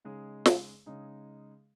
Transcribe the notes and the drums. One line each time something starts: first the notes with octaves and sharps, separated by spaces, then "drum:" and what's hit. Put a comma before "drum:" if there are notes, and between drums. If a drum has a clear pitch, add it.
C#3 G#3 D#4 G#4
drum: snare
C#3 G#3 D#4 G#4